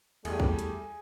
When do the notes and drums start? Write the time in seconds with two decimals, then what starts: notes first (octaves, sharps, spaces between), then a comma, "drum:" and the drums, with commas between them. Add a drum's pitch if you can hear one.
0.25 E2 G3 A3 G#4, drum: cymbal
0.40 drum: kick A#1
0.59 drum: hi-hat